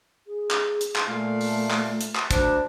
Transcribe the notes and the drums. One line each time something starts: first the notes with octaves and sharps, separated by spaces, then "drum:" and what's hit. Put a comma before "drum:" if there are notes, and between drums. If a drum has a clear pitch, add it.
G#4
drum: clap
drum: hi-hat
drum: clap
A#2 A3 F5
drum: open hi-hat
drum: clap
drum: hi-hat
drum: clap
D2 D4 C5, drum: kick, hi-hat